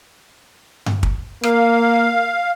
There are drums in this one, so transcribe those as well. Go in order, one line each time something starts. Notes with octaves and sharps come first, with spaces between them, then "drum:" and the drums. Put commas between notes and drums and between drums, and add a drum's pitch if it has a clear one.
drum: tom G2
drum: kick
A#3 F5, drum: rim click